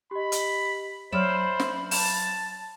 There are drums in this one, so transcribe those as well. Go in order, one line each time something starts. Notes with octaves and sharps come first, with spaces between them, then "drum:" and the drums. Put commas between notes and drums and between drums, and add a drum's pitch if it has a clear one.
G4 D#5 B5
drum: hi-hat
F#3 C5 D5 E5 B5 F6 E7
drum: snare
A5 E7, drum: open hi-hat